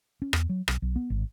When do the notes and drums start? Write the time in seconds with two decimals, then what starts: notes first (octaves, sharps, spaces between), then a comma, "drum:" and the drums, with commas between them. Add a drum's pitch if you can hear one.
0.22 C#4
0.33 E2, drum: rim click
0.49 F#3
0.68 B1, drum: rim click
0.82 B1
0.96 B3
1.10 G#1